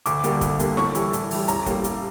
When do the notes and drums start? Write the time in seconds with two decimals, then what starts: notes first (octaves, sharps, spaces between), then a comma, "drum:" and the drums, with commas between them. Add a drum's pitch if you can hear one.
0.06 D2 D6, drum: hi-hat
0.24 D3 G3 A#3, drum: hi-hat
0.41 D2, drum: kick, hi-hat
0.59 D3 G3 A#3, drum: hi-hat
0.77 A2 C#6, drum: snare
0.95 E3 G3, drum: hi-hat
1.13 A2, drum: hi-hat
1.31 E3 G3, drum: open hi-hat
1.48 A1 A#5, drum: hi-hat
1.66 A2 G3 A#3, drum: kick, hi-hat
1.84 A1, drum: hi-hat